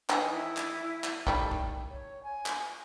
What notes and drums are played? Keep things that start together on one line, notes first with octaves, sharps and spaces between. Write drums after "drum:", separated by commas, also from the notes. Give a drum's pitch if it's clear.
D#3 E3 D#4 G#4, drum: clap
E4
drum: clap
drum: clap
D#3 G3 A3, drum: kick
drum: kick
C#5
G#5
drum: clap